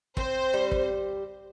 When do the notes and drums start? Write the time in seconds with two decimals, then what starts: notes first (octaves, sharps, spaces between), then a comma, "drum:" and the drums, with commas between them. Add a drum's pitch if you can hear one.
0.17 C4 C5, drum: kick
0.53 G3
0.72 drum: kick